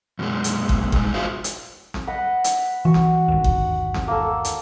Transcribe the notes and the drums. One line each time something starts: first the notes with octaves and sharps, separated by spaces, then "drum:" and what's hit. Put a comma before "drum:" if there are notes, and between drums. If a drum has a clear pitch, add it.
F#2 B2 G#3
drum: hi-hat
drum: kick G1
G2 G#3, drum: kick G1
F4 F#4 G#4 C5 E5 F5
drum: hi-hat
drum: snare
B4 D#5 F#5
drum: hi-hat
E3 F#4
drum: snare
G1 D#2
drum: kick G1
drum: snare
A#3 A4
drum: hi-hat